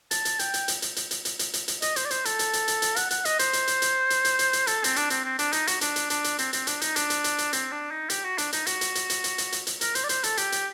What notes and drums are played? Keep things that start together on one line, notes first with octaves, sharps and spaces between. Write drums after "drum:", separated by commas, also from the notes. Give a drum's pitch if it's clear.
A5, drum: hi-hat
drum: hi-hat
G5, drum: hi-hat
drum: hi-hat
drum: hi-hat
drum: hi-hat
drum: hi-hat
drum: hi-hat
drum: hi-hat
drum: hi-hat
drum: hi-hat
drum: hi-hat
D#5, drum: hi-hat
C5, drum: hi-hat
D5
C5, drum: hi-hat
A4, drum: hi-hat
drum: hi-hat
drum: hi-hat
drum: hi-hat
drum: hi-hat
F#5, drum: hi-hat
F#5, drum: hi-hat
D#5, drum: hi-hat
C5, drum: hi-hat
drum: hi-hat
drum: hi-hat
drum: hi-hat
drum: hi-hat
drum: hi-hat
drum: hi-hat
drum: hi-hat
A4, drum: hi-hat
C4, drum: hi-hat
D4, drum: hi-hat
C4, drum: hi-hat
C4
D4, drum: hi-hat
D#4, drum: hi-hat
F#4, drum: hi-hat
D4, drum: hi-hat
drum: hi-hat
D4, drum: hi-hat
drum: hi-hat
C4, drum: hi-hat
C4, drum: hi-hat
D4, drum: hi-hat
D#4, drum: hi-hat
D4, drum: hi-hat
drum: hi-hat
drum: hi-hat
drum: hi-hat
C4, drum: hi-hat
D4
D#4
G4, drum: hi-hat
F#4
D4, drum: hi-hat
D#4, drum: hi-hat
F#4, drum: hi-hat
drum: hi-hat
drum: hi-hat
drum: hi-hat
drum: hi-hat
drum: hi-hat
drum: hi-hat
drum: hi-hat
A#4, drum: hi-hat
C5, drum: hi-hat
D5
C5, drum: hi-hat
A4, drum: hi-hat
G4, drum: hi-hat
drum: hi-hat